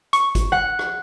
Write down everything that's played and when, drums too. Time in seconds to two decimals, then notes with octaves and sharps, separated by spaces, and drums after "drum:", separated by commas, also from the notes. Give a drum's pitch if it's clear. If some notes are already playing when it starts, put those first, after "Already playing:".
0.13 C#6, drum: hi-hat
0.35 drum: kick G1, hi-hat
0.52 F#5
0.79 drum: rim click